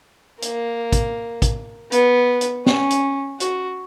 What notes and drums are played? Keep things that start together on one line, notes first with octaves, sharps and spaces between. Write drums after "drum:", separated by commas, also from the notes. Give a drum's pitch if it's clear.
A#3, drum: hi-hat
drum: kick, hi-hat
drum: kick, hi-hat
B3, drum: hi-hat
drum: hi-hat
C#4, drum: snare
drum: hi-hat
F#4, drum: hi-hat